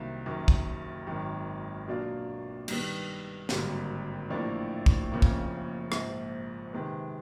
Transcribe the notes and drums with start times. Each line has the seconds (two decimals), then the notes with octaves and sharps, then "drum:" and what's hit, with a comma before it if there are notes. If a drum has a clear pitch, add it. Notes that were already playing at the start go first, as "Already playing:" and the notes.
Already playing: C2 C3 D#3 F#3 A#3
0.26 F#1 F#2 D#3
0.48 drum: kick
1.07 G#1 F#2 D#3
1.87 B2 F#3 A#3 D4 F4
2.68 G2 D#3 G3 B3, drum: cymbal
3.49 G#1 G2 D3 F#3 A#3, drum: snare
4.30 A1 A2 F3 A#3 D4
4.86 drum: kick
5.12 F#1 F2 C#3 F3 A#3
5.22 drum: kick
5.92 A#1 G#2 F3, drum: rim click
6.73 C3 D#3 G#3 B3